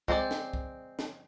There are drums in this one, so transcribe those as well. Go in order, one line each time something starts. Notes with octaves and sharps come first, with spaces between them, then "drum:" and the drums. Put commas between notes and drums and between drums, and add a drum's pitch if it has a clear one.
G#3 C4 C5 D5, drum: kick
drum: snare
drum: kick
drum: snare